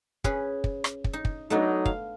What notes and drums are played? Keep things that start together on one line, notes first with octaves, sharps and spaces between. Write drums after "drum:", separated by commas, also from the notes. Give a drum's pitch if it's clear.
C#4 G#4 B4, drum: kick
drum: kick
drum: rim click
drum: kick
D#4
drum: kick
F#3 A3 B3 D4 D#4
F5, drum: kick